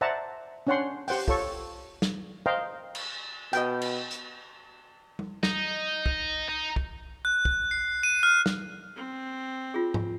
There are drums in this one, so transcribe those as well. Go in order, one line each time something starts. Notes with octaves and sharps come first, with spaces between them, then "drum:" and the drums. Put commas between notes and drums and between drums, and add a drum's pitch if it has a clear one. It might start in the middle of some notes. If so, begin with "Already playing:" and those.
C5 D5 E5 F#5 A5 A#5
C#4 D4 C#5 F#5 G5 C6
G4 C5 F#5 G5, drum: open hi-hat
F4 A4 C#5 C#6, drum: kick
drum: snare
C5 D#5 F5 G5 A#5
drum: cymbal
B2 D#5 G5, drum: hi-hat
drum: cymbal
drum: hi-hat
drum: tom G3
D#4, drum: snare
drum: kick
D#4
drum: kick
F#6
drum: kick
C7
D#7
F6
drum: snare
C4
F4 G#4
drum: tom G#2